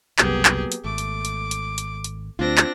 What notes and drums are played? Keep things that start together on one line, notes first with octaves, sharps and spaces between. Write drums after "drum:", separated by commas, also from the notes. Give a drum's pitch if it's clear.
F#1 C2 F#3 A#3 B3 G4 G#4, drum: clap
drum: clap
drum: hi-hat
G#1 A3 D6
drum: hi-hat
drum: hi-hat
drum: hi-hat
drum: hi-hat
drum: hi-hat
D2 C4 D4 F4 A#6
drum: clap